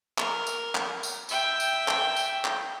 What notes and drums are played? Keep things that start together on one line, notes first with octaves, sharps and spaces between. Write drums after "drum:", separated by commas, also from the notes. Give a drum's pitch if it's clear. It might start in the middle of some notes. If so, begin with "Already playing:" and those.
A#4, drum: clap
drum: tambourine
drum: clap
drum: tambourine
E5 G5, drum: tambourine
drum: tambourine
drum: clap
drum: tambourine
drum: clap